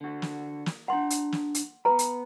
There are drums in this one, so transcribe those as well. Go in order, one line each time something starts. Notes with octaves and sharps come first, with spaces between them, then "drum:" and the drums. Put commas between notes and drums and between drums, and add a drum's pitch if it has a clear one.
D3 F#4
drum: snare
drum: snare
D4 F#5 A#5 C6
drum: hi-hat
drum: snare
drum: hi-hat
B3 B4 A#5 B5
drum: hi-hat